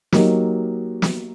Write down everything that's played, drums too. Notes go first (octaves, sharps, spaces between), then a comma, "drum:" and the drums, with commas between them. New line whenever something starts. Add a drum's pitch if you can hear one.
F#3 A#3 D#4 G4, drum: snare
drum: snare